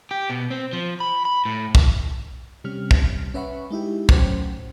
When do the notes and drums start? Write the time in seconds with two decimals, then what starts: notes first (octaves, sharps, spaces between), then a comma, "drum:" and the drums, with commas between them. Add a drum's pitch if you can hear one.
0.11 G4
0.30 B2
0.51 C4
0.73 F3
1.00 B5
1.25 B5
1.45 A2
1.75 drum: kick
2.64 C3 G3 C#4 F6
2.91 drum: kick
3.34 C#4 B4 E5 F#5 B5 C#6
3.70 G#3 D#4 E4 G4
4.09 A2 F#3 C#4 C5 F#5 G5, drum: kick